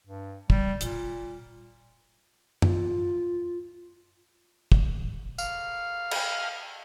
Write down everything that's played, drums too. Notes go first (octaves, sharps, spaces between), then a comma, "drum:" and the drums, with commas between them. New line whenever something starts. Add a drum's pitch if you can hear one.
G2
G3, drum: kick
A#2, drum: hi-hat
F4, drum: tom F#2
drum: kick
F5, drum: tambourine
drum: cymbal